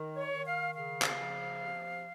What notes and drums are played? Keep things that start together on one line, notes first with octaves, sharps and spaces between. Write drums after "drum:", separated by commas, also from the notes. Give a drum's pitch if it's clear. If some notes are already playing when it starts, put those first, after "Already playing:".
Already playing: D#3
C#5
D#3
F5
C#3 F5
drum: clap
F3
C3